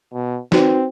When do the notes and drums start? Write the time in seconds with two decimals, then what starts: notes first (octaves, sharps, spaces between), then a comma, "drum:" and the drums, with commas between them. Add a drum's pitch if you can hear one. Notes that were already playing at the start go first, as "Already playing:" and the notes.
0.13 B2
0.52 C4 D#4 F#4 B4, drum: snare